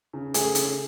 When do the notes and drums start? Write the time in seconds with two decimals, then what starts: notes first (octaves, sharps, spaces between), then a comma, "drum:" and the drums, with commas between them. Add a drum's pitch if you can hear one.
0.13 C#3
0.34 A3 G#4, drum: hi-hat
0.55 C#3, drum: hi-hat